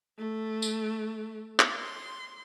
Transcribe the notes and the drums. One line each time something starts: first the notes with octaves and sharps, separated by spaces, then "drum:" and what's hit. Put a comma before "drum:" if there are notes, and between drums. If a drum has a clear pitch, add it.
A3
drum: tambourine
drum: clap
C6